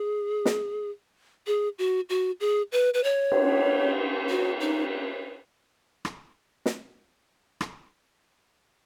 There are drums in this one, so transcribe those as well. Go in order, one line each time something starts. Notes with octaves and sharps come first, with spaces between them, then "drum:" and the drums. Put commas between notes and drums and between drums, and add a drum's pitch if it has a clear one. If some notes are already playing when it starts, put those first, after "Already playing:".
Already playing: G#4
drum: snare
G#4
F#4
F#4
G#4
B4
B4
C#5
drum: cymbal
F#4
D#4
drum: rim click
drum: snare
drum: rim click